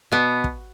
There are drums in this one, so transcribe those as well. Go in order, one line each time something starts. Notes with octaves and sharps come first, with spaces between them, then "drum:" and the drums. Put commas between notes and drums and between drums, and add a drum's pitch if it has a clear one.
B2 B3
drum: kick